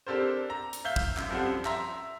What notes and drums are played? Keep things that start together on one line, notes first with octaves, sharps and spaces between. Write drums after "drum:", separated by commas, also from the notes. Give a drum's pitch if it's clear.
C4 D4 G4 A4 A#4 C5
A#5
drum: hi-hat
E5 F5 G6 G7
drum: kick
F#2, drum: clap
F#2 F3 G3 C4 A4 F#5
E5 A#5 C6, drum: clap